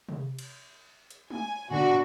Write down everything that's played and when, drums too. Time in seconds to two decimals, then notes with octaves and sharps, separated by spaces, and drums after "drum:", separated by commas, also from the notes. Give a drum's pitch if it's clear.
0.09 drum: tom C3
0.39 drum: cymbal
1.11 drum: hi-hat
1.30 G#5, drum: tom G#3
1.70 B2 D3 F#4